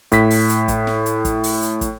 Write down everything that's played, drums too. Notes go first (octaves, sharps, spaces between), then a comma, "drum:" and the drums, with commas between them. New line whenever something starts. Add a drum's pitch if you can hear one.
A2 B6, drum: kick, hi-hat
drum: open hi-hat
drum: hi-hat
drum: kick, hi-hat
drum: snare
drum: hi-hat
drum: kick, hi-hat
drum: open hi-hat
drum: hi-hat
drum: kick, hi-hat